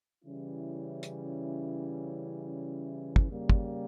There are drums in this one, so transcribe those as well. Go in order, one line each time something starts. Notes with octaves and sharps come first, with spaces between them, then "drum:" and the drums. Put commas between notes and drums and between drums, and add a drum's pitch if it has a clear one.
C#3 E3 G3 C#4 E4
drum: hi-hat
drum: kick
C#3 G3 A#3
drum: kick